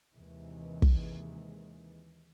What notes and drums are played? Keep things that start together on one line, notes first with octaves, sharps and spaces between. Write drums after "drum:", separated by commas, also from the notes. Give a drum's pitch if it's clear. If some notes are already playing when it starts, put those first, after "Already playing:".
D#2 C3 D#3 E3 G#3
drum: kick